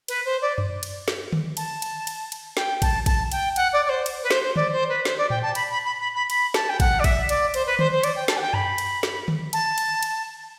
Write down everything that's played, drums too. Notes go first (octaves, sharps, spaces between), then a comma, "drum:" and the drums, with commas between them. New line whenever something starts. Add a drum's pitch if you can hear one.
B4, drum: cymbal
C5
D5
drum: tom F#2
drum: cymbal
drum: snare
drum: tom D3
A5, drum: cymbal
drum: cymbal
drum: cymbal
drum: cymbal
G5, drum: snare
A5, drum: kick A1, cymbal
A5, drum: kick A1, cymbal
G5, drum: cymbal
F#5, drum: cymbal
D5
D5
C5
drum: cymbal
B4
C5, drum: snare
C5
D5, drum: tom D3
C5
B4
C5, drum: snare
D5
G5, drum: tom A2
A5
B5, drum: cymbal
B5
B5
B5
B5
B5, drum: cymbal
A5, drum: snare
G5
F#5, drum: kick A1, cymbal
D5
E5, drum: kick A1, cymbal
D5, drum: cymbal
C5, drum: cymbal
B4
C5, drum: tom D3
C5
D5, drum: cymbal
G5
A5, drum: snare
F#5
G5
B5, drum: tom F#2
drum: cymbal
drum: snare
drum: tom D3
A5, drum: cymbal
drum: cymbal
drum: cymbal